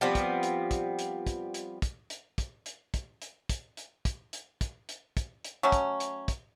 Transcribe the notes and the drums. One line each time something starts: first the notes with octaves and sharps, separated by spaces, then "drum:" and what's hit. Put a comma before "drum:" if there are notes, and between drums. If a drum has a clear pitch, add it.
F3 G3 B3 C4
drum: kick, hi-hat
drum: hi-hat
drum: kick, hi-hat
drum: hi-hat
drum: kick, hi-hat
drum: hi-hat
drum: kick, hi-hat
drum: hi-hat
drum: kick, hi-hat
drum: hi-hat
drum: kick, hi-hat
drum: hi-hat
drum: kick, hi-hat
drum: hi-hat
drum: kick, hi-hat
drum: hi-hat
drum: kick, hi-hat
drum: hi-hat
drum: kick, hi-hat
drum: hi-hat
F#3 A3 C#4
drum: kick, hi-hat
drum: hi-hat
drum: kick, hi-hat